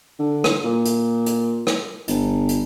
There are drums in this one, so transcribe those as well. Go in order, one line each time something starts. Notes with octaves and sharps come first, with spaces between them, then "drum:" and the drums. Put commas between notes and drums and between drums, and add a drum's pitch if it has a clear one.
D3
drum: rim click
A#2
drum: hi-hat
drum: hi-hat
drum: rim click
G1, drum: hi-hat
drum: hi-hat